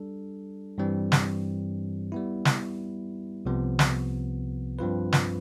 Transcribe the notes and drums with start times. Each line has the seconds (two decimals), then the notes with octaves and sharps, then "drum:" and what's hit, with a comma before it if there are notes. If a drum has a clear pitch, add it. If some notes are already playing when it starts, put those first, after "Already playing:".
Already playing: G3 D4 A4
0.78 G2 E3 G3 C4
1.12 drum: snare
2.12 G3 B3 E4
2.45 drum: snare
3.46 C2 C3 F3 B3
3.79 drum: snare
4.79 G2 F3 C4 F4 B4
5.13 drum: snare